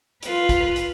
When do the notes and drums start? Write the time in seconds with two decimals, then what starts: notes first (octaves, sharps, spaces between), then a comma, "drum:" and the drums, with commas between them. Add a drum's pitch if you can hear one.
0.23 F4 B4, drum: hi-hat
0.49 drum: kick, hi-hat
0.76 drum: hi-hat